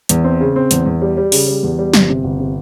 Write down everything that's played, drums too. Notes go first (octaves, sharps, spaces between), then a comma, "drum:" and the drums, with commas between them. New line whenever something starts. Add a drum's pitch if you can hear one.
E2, drum: hi-hat
C4
C#3
C4
E2, drum: hi-hat
E2
G3
G3
C#3, drum: open hi-hat
G3
E2
G3
G1, drum: snare
C3
G1
C3